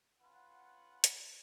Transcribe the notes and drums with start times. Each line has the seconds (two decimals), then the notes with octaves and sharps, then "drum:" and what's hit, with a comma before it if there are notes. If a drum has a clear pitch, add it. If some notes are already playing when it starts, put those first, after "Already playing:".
0.20 C#4 F4 B4 F#5
1.04 drum: hi-hat